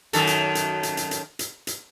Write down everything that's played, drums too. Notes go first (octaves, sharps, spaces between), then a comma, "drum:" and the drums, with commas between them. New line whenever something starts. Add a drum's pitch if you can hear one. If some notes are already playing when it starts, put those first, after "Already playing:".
F#2 D#3 A4, drum: hi-hat
drum: hi-hat
drum: hi-hat
drum: hi-hat
drum: hi-hat
drum: hi-hat
drum: hi-hat
drum: hi-hat